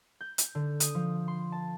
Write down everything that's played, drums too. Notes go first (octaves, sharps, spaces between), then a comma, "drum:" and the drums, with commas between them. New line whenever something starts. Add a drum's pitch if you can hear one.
G6
drum: hi-hat
D3
D#6, drum: hi-hat
F3
C6
A5